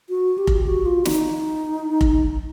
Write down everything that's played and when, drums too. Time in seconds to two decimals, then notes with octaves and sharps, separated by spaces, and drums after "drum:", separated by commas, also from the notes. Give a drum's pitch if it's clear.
0.09 F#4
0.38 G4
0.47 drum: kick F1
0.67 F#4
0.86 F4
1.05 D#4, drum: snare
2.01 drum: kick F1